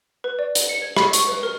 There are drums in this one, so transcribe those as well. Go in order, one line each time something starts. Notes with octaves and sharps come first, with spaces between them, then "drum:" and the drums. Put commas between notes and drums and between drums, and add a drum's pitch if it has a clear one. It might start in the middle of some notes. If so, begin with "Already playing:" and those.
B4
D5
drum: hi-hat
C#7
G#6
B5, drum: rim click
C#6, drum: hi-hat
B4
A#4